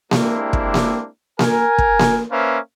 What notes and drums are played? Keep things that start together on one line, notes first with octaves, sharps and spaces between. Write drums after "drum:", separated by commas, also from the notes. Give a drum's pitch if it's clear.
G#3 A#3 C4 D4 E4 G4, drum: snare A#3
drum: kick
drum: snare A#3
A#4 G#5, drum: snare A#3
drum: kick
drum: snare A#3
A#3 C#4 B4 C5 E5 F5